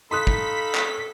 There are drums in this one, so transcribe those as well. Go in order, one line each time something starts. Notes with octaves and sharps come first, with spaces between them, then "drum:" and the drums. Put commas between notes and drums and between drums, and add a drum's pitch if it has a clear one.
D#4 A4 F5 B5 C6 D#6 F#6 B6
drum: kick
drum: clap